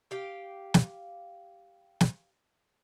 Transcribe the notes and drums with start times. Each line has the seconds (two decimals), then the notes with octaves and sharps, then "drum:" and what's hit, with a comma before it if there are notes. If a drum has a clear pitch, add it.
0.11 G4 F5 G5
0.74 drum: snare
2.01 drum: snare